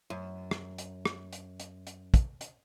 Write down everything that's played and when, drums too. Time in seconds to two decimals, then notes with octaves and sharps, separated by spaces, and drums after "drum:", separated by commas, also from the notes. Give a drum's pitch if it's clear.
0.10 F#2
0.51 drum: rim click
0.78 drum: hi-hat
1.05 drum: rim click
1.33 drum: hi-hat
1.60 drum: hi-hat
1.87 drum: hi-hat
2.14 drum: kick, hi-hat
2.41 drum: hi-hat